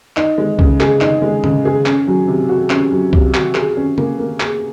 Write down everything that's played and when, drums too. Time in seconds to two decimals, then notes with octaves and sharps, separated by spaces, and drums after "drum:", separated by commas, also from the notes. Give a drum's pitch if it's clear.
0.17 D#4, drum: clap
0.38 G#3
0.59 C#3, drum: kick C2
0.80 G#4, drum: clap
1.01 D#4, drum: clap
1.22 G#3
1.44 C#3, drum: tom A2
1.65 G#4
1.86 C#4, drum: clap
2.07 F#3
2.28 C3
2.49 F#4
2.70 C#4, drum: clap
2.92 F#3
3.13 C3, drum: kick C2
3.34 F#4, drum: clap
3.55 G#4, drum: clap
3.77 C#4
3.98 A#3, drum: tom
4.19 A#3
4.40 G#4, drum: clap